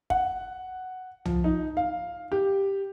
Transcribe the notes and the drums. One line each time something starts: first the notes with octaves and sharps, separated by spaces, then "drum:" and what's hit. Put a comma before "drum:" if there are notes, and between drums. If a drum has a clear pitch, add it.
F#5, drum: kick
F3, drum: tom
D#4
F5
G4